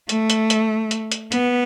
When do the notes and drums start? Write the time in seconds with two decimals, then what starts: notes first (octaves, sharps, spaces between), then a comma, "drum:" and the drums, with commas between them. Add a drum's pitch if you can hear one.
0.09 A3, drum: hi-hat
0.30 drum: hi-hat
0.50 drum: hi-hat
0.91 drum: hi-hat
1.12 drum: hi-hat
1.32 B3, drum: hi-hat